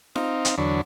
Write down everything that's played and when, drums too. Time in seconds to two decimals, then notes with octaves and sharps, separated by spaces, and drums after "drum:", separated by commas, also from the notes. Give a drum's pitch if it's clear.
0.16 C4 D#4 F5, drum: snare F4
0.45 drum: hi-hat
0.58 E2 D3 F#3 D4 C#5 B5